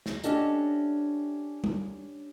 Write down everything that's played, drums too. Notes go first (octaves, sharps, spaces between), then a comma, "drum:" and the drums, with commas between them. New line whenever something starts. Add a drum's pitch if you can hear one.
drum: snare
C#4 D4 G4 A4 D#5 E5, drum: hi-hat
drum: tom G3